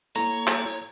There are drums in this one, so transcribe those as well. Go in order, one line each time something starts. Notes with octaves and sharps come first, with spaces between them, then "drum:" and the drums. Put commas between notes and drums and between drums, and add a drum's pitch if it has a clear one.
A#3 E4 A4 C#5 A#5, drum: hi-hat
drum: clap